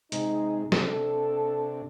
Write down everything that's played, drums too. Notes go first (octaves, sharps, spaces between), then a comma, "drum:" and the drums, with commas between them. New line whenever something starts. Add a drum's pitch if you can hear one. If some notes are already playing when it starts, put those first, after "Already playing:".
C3 G#3 D#4, drum: hi-hat
C3 D4 A4, drum: snare